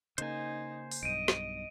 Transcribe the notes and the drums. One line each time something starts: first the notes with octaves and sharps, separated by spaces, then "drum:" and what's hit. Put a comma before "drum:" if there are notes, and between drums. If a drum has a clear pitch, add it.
C#3 A#3 D#4 C5 G#5, drum: hi-hat
drum: open hi-hat
B1 G2 D#5 D7 D#7
drum: snare